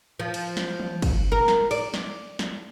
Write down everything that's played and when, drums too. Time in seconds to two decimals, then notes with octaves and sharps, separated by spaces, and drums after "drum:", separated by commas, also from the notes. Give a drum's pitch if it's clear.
0.19 F3
0.34 drum: cymbal
0.57 drum: snare
0.80 drum: tom E3
1.02 drum: kick, cymbal
1.32 A#4
1.48 drum: snare
1.71 D5, drum: cymbal
1.94 drum: snare
2.39 drum: snare